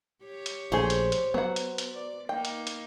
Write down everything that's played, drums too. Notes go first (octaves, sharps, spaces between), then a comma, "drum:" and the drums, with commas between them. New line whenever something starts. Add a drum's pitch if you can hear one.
G4 C#5
drum: hi-hat
A#1 A3 G#4 C5
drum: hi-hat
drum: hi-hat
F#3 B3 F#5
drum: hi-hat
drum: hi-hat
D5
A#3 D#4 G5
drum: hi-hat
drum: hi-hat